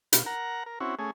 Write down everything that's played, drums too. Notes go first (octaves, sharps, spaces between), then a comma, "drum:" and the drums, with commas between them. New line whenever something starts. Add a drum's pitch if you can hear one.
B2 F5, drum: hi-hat
A#4 F#5 A#5
A#4
C4 C#4 E4 F#4
A3 C#4 G#4